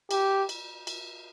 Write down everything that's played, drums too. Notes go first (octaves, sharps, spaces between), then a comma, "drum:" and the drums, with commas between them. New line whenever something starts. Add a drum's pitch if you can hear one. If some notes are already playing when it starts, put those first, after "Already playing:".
G4, drum: cymbal
drum: cymbal
drum: cymbal